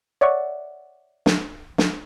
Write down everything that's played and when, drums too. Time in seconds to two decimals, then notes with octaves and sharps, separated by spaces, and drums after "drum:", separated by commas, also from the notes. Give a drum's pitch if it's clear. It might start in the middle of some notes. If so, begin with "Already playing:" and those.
0.21 C#5 D5 E5 F#5 C#6
1.26 drum: snare
1.78 drum: snare